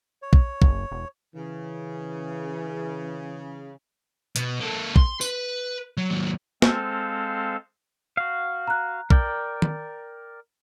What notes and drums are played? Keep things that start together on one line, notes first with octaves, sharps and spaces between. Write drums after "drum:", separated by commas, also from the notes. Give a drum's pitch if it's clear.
C#5
drum: kick
F#1, drum: kick
E1
C#3 E3
B2, drum: hi-hat
A#3 A4
C6, drum: kick
B4, drum: tambourine
F#3
D#2 F#3
G#3 C4 A4 C5 F5, drum: snare
F#4 F5
A#5 F#6
A#4 D5 G5, drum: kick
drum: tom D#3